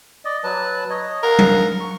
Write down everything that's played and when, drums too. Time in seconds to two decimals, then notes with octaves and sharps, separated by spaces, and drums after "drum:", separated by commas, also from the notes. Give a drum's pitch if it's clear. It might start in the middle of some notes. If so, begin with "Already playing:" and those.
0.25 D5 D#5
0.44 F#3 B4 A5
0.90 C#5 D#5
1.23 A#4 F5 F#5
1.39 drum: tom F#3
1.80 C#6